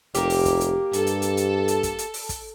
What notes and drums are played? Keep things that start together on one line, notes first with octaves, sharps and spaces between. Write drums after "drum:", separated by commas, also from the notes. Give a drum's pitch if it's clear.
F1 A#3 G4, drum: hi-hat
drum: open hi-hat
drum: kick, hi-hat
drum: hi-hat
G2 A4, drum: hi-hat
drum: hi-hat
drum: hi-hat
drum: hi-hat
drum: hi-hat
drum: kick, hi-hat
drum: hi-hat
drum: open hi-hat
drum: kick, hi-hat